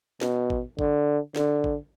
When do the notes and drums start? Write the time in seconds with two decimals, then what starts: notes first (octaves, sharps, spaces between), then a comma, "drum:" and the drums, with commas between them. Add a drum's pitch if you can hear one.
0.21 B2, drum: snare
0.50 drum: kick A1
0.79 D3, drum: kick A1
1.36 D3, drum: snare
1.64 drum: kick A1